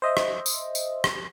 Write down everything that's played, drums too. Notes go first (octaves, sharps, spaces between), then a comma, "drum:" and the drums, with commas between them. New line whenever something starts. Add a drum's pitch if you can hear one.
C5 D#5 E5
drum: rim click
drum: tambourine
drum: tambourine
drum: rim click